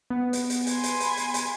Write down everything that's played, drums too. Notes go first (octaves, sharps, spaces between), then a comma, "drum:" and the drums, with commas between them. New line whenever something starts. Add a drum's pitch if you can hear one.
B3
drum: hi-hat
drum: hi-hat
G#5 B5 C6, drum: hi-hat
drum: hi-hat
drum: hi-hat
drum: hi-hat
drum: hi-hat